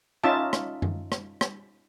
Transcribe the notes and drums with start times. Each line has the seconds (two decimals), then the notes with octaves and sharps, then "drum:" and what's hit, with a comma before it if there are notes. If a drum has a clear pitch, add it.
0.24 C#4 D#4 F4 E5 A5
0.53 drum: rim click
0.82 drum: tom F#2
1.12 drum: rim click
1.41 drum: rim click